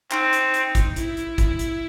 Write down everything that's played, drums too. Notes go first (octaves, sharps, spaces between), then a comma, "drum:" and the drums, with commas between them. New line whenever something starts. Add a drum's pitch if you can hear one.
C4 D#4, drum: clap
drum: hi-hat
drum: hi-hat
drum: kick, hi-hat
E4, drum: hi-hat
drum: hi-hat
drum: kick, hi-hat
drum: hi-hat